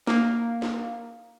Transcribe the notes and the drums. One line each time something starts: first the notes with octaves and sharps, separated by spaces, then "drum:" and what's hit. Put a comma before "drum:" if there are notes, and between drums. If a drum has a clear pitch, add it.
A#3, drum: snare
drum: snare